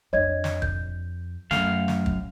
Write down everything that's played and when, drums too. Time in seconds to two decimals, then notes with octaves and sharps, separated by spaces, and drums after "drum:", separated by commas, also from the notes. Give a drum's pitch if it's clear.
0.13 F2 D4 C#5 D#5 G#6
0.44 drum: snare
0.62 G6, drum: kick
1.51 F#2 A3 F5, drum: snare
1.88 drum: snare
2.06 drum: kick